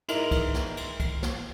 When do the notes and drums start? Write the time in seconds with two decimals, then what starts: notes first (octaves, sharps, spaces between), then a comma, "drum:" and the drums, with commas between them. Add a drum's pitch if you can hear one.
0.09 G#2 G#3 E4 A#4 F7 F#7, drum: cymbal
0.31 drum: kick, cymbal
0.54 drum: snare
0.77 drum: cymbal
1.00 drum: kick, cymbal
1.23 drum: snare